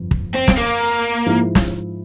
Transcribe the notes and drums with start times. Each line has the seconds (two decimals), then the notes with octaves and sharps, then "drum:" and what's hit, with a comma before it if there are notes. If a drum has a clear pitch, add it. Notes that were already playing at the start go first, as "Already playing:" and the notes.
Already playing: G1 F2
0.11 drum: kick
0.34 C4
0.48 drum: snare
0.57 A#3
1.26 G#2 F3 G#3 E4
1.55 drum: snare